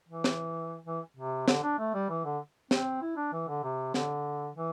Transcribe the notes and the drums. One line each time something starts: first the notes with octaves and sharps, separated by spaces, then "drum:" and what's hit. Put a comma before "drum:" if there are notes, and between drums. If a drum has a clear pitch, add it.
E3
drum: snare
E3
C3
D3, drum: snare
D4
A3
G3
E3
D3
C4, drum: snare
E4
D4
E3
D3
C3
D3, drum: snare
E3